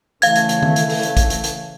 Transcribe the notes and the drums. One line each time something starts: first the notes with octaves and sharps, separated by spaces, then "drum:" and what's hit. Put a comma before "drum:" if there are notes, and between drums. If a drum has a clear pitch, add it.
C#3 E3 A3 F5 G#6, drum: hi-hat
drum: hi-hat
drum: hi-hat
drum: tom D#3
drum: hi-hat
drum: open hi-hat
drum: hi-hat
drum: kick, hi-hat
drum: hi-hat
drum: hi-hat